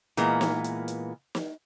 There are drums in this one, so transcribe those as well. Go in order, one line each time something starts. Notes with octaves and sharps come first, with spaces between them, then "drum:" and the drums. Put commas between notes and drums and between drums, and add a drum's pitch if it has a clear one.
A#2 E3 G#3 A#3 B3, drum: hi-hat
drum: snare
drum: hi-hat
drum: hi-hat
drum: snare